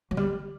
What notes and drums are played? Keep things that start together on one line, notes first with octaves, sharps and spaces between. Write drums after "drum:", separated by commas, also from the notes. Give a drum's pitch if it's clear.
F#3
G3, drum: tom D3